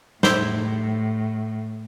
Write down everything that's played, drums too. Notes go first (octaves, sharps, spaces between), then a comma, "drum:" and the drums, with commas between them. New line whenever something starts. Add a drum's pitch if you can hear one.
A2 E4 G4 C5, drum: snare